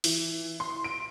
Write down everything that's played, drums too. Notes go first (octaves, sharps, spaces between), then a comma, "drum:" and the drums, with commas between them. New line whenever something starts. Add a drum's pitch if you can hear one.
E3, drum: open hi-hat
C6
D7